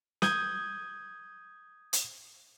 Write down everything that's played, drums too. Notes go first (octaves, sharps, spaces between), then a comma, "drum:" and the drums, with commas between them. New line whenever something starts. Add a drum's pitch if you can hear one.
D#6 G6 G#6, drum: snare
drum: hi-hat